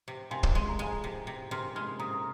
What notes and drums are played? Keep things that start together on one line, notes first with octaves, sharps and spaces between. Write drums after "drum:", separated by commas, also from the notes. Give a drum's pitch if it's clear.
C3
C3 G#5 C6
drum: kick
G#3 C6
A#5
G#3 G#5 C6
C3
C3
C3 C6 F6
G#3 C6 F6
C3 A#5 D#6